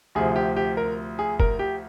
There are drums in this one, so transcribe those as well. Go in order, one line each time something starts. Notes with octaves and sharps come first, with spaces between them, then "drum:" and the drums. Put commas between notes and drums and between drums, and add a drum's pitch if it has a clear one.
D2 C3 F3 G#4
G4
G4
A#4
G#4
A#4, drum: kick
G4